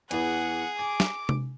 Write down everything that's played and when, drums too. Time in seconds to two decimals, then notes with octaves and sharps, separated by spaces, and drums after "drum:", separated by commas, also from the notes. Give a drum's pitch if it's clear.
0.11 E2 E3 G#4 F#5, drum: hi-hat
0.79 G#5 D6
1.00 drum: snare
1.29 drum: tom C3